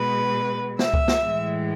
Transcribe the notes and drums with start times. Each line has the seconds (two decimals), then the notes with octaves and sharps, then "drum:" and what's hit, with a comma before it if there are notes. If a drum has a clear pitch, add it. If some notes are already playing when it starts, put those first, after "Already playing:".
Already playing: B2 G#3 B4
0.79 E5, drum: snare
0.94 drum: kick C#2
1.08 drum: snare
1.22 A2 E3 G#3